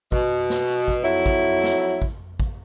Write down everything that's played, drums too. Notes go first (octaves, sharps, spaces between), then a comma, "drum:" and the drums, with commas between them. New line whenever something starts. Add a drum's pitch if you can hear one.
B2, drum: kick
drum: snare
drum: kick
F2 F#3 E4
drum: kick
drum: snare
drum: kick
drum: kick